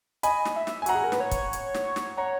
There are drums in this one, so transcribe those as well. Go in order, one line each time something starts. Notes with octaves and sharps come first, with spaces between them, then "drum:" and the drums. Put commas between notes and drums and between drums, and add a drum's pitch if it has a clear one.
D#5 G#5 B5, drum: hi-hat
drum: snare
E5
drum: snare
G#5
F#4 F#5 A#5, drum: hi-hat
G#4
A#4
B4, drum: snare
C#5
drum: kick, hi-hat
drum: hi-hat
drum: snare
drum: snare
C#5 F#5 A#5